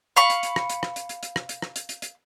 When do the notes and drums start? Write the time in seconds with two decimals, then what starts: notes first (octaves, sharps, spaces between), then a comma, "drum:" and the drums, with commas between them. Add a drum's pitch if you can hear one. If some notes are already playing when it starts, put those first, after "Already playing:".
0.16 F5 B5 C#6
0.30 drum: hi-hat
0.43 drum: hi-hat
0.56 drum: rim click
0.70 drum: hi-hat
0.83 drum: rim click
0.96 drum: hi-hat
1.09 drum: hi-hat
1.23 drum: hi-hat
1.36 drum: rim click
1.49 drum: hi-hat
1.62 drum: rim click
1.76 drum: hi-hat
1.89 drum: hi-hat
2.02 drum: hi-hat